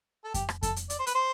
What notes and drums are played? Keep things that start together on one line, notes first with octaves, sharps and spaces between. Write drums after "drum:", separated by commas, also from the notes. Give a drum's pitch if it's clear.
A4
G4, drum: kick F2, hi-hat
drum: rim click
A4, drum: kick F2, hi-hat
drum: hi-hat
D5, drum: hi-hat
C5
B4, drum: hi-hat
C5